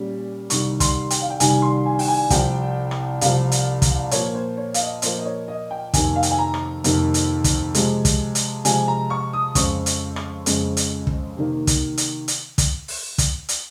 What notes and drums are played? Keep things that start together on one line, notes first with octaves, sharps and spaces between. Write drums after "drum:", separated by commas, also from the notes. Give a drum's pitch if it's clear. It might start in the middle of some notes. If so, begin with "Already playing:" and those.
Already playing: A#2 G3 C#4
C2 C3 D#3 G3 C#6, drum: hi-hat
C6, drum: kick, hi-hat
G5, drum: hi-hat
F5
G5
C2 C3 D#3 G3 G#5, drum: hi-hat
C6
G#5
G5, drum: open hi-hat
G#5
C2 C3 F3 G5, drum: kick, hi-hat
drum: rim click
C2 C3 F3 F5, drum: hi-hat
drum: hi-hat
drum: kick, hi-hat
A#2 F3 A#3 C#5, drum: hi-hat
C5
C#5
F5, drum: hi-hat
D#5
A#2 F3 A#3 C5, drum: hi-hat
D#5
C#5
D#5
G5
F2 C3 D#3 A#3 G#5, drum: kick, hi-hat
F5
G5, drum: hi-hat
G#5
A#5
drum: rim click
F2 C3 D#3 A#3, drum: hi-hat
drum: hi-hat
drum: kick, hi-hat
C3 F3 G#3, drum: hi-hat
drum: kick, hi-hat
drum: hi-hat
C3 F3 G#3 G#5, drum: hi-hat
A#5
C#6
D#6
F2 C#3 G#3 C4 C#6, drum: kick, hi-hat
drum: hi-hat
drum: rim click
F2 C#3 G#3 C4, drum: hi-hat
drum: hi-hat
drum: kick
C3 D#3 A#3
drum: kick, hi-hat
drum: hi-hat
drum: hi-hat
drum: kick, hi-hat
drum: open hi-hat
drum: kick, hi-hat
drum: hi-hat